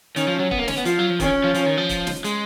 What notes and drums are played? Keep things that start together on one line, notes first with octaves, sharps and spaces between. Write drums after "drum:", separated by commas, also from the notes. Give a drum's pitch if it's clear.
D#3 C#4, drum: hi-hat
F3
F#3
B3, drum: kick
A#3
C#4, drum: snare
B3
F3 F4, drum: hi-hat
F#3
F3
D#3 C#4, drum: kick, hi-hat
F3
F3, drum: hi-hat
D#3
F3
drum: kick, hi-hat
drum: snare
G#3, drum: hi-hat